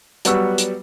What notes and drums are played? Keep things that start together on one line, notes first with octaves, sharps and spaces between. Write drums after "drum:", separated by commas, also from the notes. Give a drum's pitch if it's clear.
F#3 G3 B3 F#4 C#6 E6, drum: hi-hat
drum: hi-hat